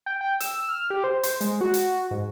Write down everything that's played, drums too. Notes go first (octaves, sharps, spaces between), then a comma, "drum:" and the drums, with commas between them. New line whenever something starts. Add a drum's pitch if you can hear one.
G5
G5
E6, drum: hi-hat
F6
G4
C5
C5, drum: hi-hat
G#3, drum: hi-hat
F#4
drum: hi-hat
G#2